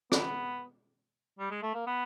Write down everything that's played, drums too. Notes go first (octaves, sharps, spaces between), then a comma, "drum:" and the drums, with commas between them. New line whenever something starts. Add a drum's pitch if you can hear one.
B3, drum: rim click
G3
G#3
A3
A#3
B3